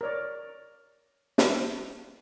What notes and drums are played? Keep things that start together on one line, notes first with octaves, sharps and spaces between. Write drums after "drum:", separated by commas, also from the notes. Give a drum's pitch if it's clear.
A#4 C#5 D5
drum: snare